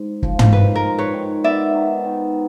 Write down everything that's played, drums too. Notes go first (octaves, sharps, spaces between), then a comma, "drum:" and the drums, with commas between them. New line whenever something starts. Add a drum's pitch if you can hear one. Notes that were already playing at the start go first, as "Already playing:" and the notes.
Already playing: G#2
F3, drum: kick
drum: tom
D#3 B4
A#4
G#3
B4 C#5
D#3
B3 D5 E5
D#3
D#3